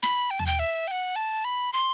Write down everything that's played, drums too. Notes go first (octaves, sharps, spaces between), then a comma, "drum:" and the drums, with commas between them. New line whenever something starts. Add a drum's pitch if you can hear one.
B5, drum: snare
G5
A5, drum: tom D#2
G5
E5
G5
F#5
A5
B5
C6